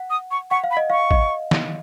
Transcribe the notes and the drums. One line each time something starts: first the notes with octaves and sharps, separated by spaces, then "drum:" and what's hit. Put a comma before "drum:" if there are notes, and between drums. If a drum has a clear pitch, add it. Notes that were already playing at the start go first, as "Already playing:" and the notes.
Already playing: F#5
D#6
C#6
F#5 C#6
F5
B5
D#5
F5 C#6
D#5, drum: kick
drum: snare